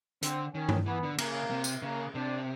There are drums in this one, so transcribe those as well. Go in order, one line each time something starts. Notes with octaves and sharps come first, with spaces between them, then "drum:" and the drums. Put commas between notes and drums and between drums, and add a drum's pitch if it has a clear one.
D3 C4, drum: hi-hat
D#3 C#4
drum: tom G2
E3 B3
D3
C#3 A#3, drum: cymbal
C3
drum: tambourine
C#3 A#3
C3 D4